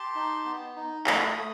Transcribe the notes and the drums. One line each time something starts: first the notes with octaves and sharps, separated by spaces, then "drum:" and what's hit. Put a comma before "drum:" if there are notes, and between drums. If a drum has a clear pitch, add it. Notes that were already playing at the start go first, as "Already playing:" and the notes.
Already playing: G4 A5 C6
D#4
B3
D#4
A3 B5 D#6, drum: clap
A3